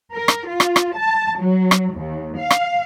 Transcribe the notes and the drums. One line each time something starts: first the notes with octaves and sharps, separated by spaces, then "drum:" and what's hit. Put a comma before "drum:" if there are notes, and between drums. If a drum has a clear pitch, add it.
A#4
drum: rim click
F4
drum: rim click
drum: rim click
A5
F#3
drum: rim click
D#2
F5
drum: rim click